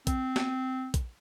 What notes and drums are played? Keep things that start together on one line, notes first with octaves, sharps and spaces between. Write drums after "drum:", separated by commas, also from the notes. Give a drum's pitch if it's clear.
C4, drum: kick, hi-hat
drum: snare
drum: kick, hi-hat